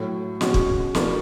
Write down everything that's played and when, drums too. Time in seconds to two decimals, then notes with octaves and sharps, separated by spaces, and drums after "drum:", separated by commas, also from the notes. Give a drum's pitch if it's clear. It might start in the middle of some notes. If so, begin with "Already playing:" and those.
Already playing: A2 F#3 A3
0.41 B2 G#3 C#4 F#4, drum: snare
0.54 drum: kick
0.95 E3 A3 D4 F#4 A#4, drum: snare